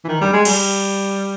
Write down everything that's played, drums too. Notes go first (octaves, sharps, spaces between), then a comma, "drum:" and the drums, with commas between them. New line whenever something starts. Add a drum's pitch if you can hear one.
E3
D#3
G3
G#3
G3, drum: cymbal